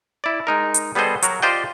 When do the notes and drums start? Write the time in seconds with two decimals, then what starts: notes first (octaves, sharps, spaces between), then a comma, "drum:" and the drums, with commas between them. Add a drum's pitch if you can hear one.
0.24 E4 D5
0.47 G#3 D#4 A#4
0.74 drum: hi-hat
0.95 G3 B3 G#4 A4 C5 D#5
1.23 F#3 F#4 A#4, drum: hi-hat
1.42 F4 G4 C5 D5 D#5 G5